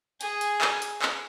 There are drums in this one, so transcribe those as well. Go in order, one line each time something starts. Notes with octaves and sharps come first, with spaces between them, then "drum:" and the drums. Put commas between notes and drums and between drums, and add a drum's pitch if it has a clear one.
G#4, drum: hi-hat
drum: hi-hat
drum: clap
drum: hi-hat
drum: clap